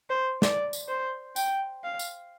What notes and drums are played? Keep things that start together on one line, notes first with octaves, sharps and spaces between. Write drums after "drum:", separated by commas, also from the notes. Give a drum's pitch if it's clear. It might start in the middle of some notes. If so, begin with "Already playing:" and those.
C5
D5, drum: snare
drum: tambourine
C5
G5, drum: tambourine
F5
drum: tambourine